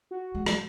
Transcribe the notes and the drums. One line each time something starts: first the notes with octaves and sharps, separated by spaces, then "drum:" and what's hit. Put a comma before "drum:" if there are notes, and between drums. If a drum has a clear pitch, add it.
F#4
G#3
drum: rim click